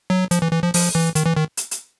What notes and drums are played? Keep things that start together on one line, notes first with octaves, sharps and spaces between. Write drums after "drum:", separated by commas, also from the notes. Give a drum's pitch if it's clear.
F#3
F3, drum: hi-hat
E3
E3
F3
F3, drum: open hi-hat
E3
D#3, drum: hi-hat
E3
D#3
drum: hi-hat
drum: hi-hat